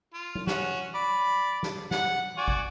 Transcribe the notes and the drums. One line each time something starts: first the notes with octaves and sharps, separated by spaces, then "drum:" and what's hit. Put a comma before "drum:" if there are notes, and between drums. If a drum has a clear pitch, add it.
F4
drum: tom F#3
C#4 F#4, drum: snare
D5 B5
drum: snare
F#5, drum: snare
F#4 D5 G#5
drum: kick